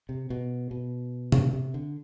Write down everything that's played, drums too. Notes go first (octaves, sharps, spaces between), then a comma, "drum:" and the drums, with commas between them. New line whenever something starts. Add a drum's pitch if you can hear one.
C3
B2
B2
drum: tom C3
C3
D3